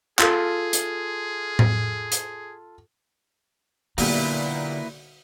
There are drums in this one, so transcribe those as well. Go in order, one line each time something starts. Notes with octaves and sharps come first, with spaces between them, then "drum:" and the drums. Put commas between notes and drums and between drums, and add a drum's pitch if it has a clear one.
F4 G#4 A4, drum: clap
drum: hi-hat
drum: tom A2
drum: hi-hat
B1 A#2 D3 G3 A#3 E4 B4, drum: open hi-hat